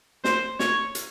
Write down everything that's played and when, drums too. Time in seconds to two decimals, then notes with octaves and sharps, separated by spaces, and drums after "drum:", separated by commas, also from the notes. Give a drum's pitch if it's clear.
0.24 C5, drum: snare
0.59 C#5, drum: snare
0.95 drum: hi-hat